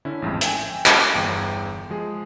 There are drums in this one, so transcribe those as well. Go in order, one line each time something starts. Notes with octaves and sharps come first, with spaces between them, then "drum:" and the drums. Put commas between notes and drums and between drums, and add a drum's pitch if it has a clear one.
D3 C#4 E4
A1 F2 G#2
E5 G5 G#5, drum: hi-hat
drum: clap
G1 E2 G5
F3 G#3 G#4